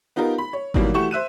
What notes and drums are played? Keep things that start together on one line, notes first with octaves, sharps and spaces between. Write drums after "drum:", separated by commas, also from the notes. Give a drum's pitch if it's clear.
B3 D#4 F4 G4 A#4
B5
C#5
B2 D#3 E3 F#3 G3 A#3, drum: kick G#1
E3 A3 F#4 G4 C#6 E7
C5 E5 F#6 D#7